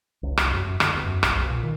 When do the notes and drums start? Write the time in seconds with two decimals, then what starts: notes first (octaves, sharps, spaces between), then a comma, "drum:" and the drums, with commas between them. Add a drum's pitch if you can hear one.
0.23 C#2
0.37 C2, drum: rim click
0.50 F#2
0.67 F#2
0.80 D3, drum: rim click
0.94 E2
1.06 F#2
1.23 A#1, drum: rim click
1.35 B1
1.50 A#2
1.63 D#3